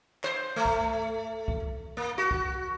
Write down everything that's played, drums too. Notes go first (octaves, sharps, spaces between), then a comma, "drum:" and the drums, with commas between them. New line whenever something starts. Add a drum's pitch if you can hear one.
C5, drum: clap
A3
drum: kick
drum: kick
A#3
F#4
drum: kick